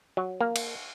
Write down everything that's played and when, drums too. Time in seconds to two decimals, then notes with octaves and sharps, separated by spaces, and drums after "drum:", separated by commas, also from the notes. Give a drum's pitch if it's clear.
0.17 F#3
0.41 A#3
0.56 drum: cymbal